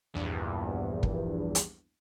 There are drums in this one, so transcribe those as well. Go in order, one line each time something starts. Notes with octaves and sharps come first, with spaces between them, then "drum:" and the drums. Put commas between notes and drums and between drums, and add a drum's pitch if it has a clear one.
A#1 E2 G2
drum: kick
drum: hi-hat